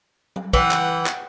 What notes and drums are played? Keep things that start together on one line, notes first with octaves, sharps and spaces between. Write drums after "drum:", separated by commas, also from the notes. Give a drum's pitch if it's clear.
drum: tom F#3
E3 F#5 G5, drum: kick
drum: clap
drum: clap